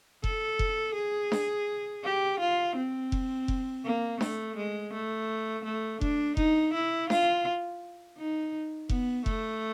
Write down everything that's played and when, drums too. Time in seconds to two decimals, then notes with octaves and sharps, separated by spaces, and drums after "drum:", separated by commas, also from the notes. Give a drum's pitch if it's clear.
0.24 A4, drum: kick F1
0.59 drum: kick F1
0.95 G#4
1.32 drum: snare D4
2.04 G4
2.40 F4
2.76 C4
3.12 drum: kick F1
3.48 drum: kick F1
3.85 A#3
4.21 A3, drum: snare D4
4.57 G#3
4.93 A3
5.65 A3
6.01 D4, drum: kick F1
6.37 D#4, drum: kick F1
6.73 E4
7.10 F4, drum: snare D4
8.18 D#4
8.89 B3, drum: kick F1
9.26 A3, drum: kick F1